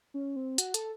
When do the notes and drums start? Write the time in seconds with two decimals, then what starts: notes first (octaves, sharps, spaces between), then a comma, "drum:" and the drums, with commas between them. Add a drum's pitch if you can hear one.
0.14 C#4
0.36 C4
0.58 F#4, drum: hi-hat
0.74 A4, drum: hi-hat